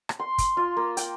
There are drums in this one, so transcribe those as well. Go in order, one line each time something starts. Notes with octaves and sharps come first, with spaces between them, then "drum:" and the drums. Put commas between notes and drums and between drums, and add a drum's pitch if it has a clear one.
drum: rim click
C6
drum: kick, hi-hat
F4
A#3
G5, drum: hi-hat